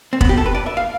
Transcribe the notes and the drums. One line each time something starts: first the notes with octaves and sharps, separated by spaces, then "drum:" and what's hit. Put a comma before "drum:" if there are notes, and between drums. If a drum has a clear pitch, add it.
C4
B3, drum: kick
G4
A4
B4
D5
E5
F5